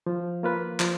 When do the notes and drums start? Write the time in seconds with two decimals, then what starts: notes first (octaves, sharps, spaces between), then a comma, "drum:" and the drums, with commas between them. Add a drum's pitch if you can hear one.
0.06 F3
0.43 A#3 F4 B4
0.80 F3, drum: clap